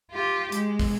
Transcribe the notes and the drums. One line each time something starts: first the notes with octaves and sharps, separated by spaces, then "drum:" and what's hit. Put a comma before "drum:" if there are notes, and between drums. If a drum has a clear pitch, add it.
F4 G4
G#3, drum: hi-hat
drum: kick, open hi-hat